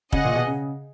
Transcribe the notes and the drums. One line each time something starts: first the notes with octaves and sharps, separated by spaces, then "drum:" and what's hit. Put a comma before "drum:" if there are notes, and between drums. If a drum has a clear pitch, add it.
C#3 G#4 D#5 F#5, drum: kick
A#2
B2
C#3